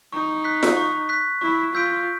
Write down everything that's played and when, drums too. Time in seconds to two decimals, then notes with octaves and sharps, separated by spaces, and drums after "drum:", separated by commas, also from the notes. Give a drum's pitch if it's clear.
0.13 D#4 C#6
0.44 F#6 B6
0.63 drum: snare F4
0.77 C#6
1.09 F#6 B6
1.41 E4 C#6
1.74 F4 E6 G6 B6 D7